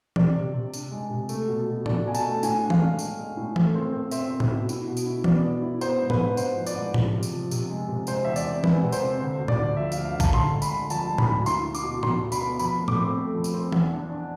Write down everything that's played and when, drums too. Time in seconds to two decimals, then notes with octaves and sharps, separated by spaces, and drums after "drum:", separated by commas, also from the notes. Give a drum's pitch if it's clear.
0.16 C3 D5, drum: tom E3
0.36 C3
0.54 C3
0.74 D4, drum: tambourine
0.91 G#3
1.10 C3
1.29 A3, drum: tambourine
1.48 B2
1.67 B2
1.86 D4 D5, drum: tom A2
2.05 B2 G#5
2.15 A5, drum: tambourine
2.23 A3
2.43 A2 G#5, drum: tambourine
2.61 D4
2.70 F5, drum: tom E3
2.80 G#3
2.99 D4, drum: tambourine
3.18 G#3
3.37 A2
3.56 A3, drum: tom E3
3.75 C4
3.93 C4
4.11 C4 E5, drum: tambourine
4.30 C4
4.40 drum: tom A2
4.50 B2
4.69 E4, drum: tambourine
4.88 B2
4.97 drum: tambourine
5.06 E4
5.24 B3 D5, drum: tom E3
5.44 B2
5.62 E4
5.81 B3 C5, drum: tambourine
6.01 G#2
6.10 B4, drum: tom A2
6.19 G#2
6.37 G#2 C5, drum: tambourine
6.57 F3
6.66 D5, drum: tambourine
6.76 G#2
6.94 F3, drum: tom A2
7.13 C3
7.23 drum: tambourine
7.32 F3
7.51 C3, drum: tambourine
7.70 G#3
7.88 C3
8.07 G#3 C5, drum: tambourine
8.25 E2 E5
8.36 D5, drum: tambourine
8.45 C4
8.64 G#3 B4, drum: tom E3
8.82 C3
8.92 C5, drum: tambourine
9.01 C4
9.20 D3 C5
9.40 D2
9.48 D5, drum: tom A2
9.58 D3
9.76 F3 E5
9.92 D2 F5, drum: tambourine
10.05 F5
10.14 D3
10.20 A5, drum: kick A#1, tambourine
10.33 D3 C6, drum: tom A2
10.52 G#3
10.62 B5, drum: tambourine
10.71 D3
10.90 F3 A5, drum: tambourine
11.09 G#3
11.18 B5, drum: tom A2
11.28 D2
11.46 E4 C6, drum: tambourine
11.65 E4
11.75 D6, drum: tambourine
11.84 B2
12.03 B2 C6, drum: tom A2
12.22 B2
12.32 B5, drum: tambourine
12.41 B3
12.59 F2 B5, drum: tambourine
12.78 A3
12.88 D6, drum: tom A2
12.98 C4
13.17 A3
13.34 F2
13.44 drum: tambourine
13.54 C4
13.72 E2, drum: tom E3
13.92 D4
14.10 D4